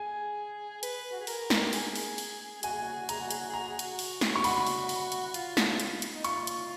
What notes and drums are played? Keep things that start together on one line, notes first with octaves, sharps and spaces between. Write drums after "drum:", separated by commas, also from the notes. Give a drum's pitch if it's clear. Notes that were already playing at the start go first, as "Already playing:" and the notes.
Already playing: G#4 G#5
B4, drum: hi-hat
F#4
G#4
A#4, drum: open hi-hat
drum: snare
G#4, drum: open hi-hat
drum: open hi-hat
drum: open hi-hat
F#4 G#5, drum: hi-hat
G#4
F#4
G#4
F#4
G#4 A#5, drum: hi-hat
F#4
G#4, drum: hi-hat
F#4
G#4 A#5
F#4
G#4
F#4, drum: hi-hat
drum: open hi-hat
drum: snare
C#6
F#4 B5, drum: open hi-hat
drum: open hi-hat
drum: open hi-hat
drum: hi-hat
F4, drum: hi-hat
drum: snare
drum: hi-hat
drum: hi-hat
D#4
F4 C#6, drum: hi-hat
drum: hi-hat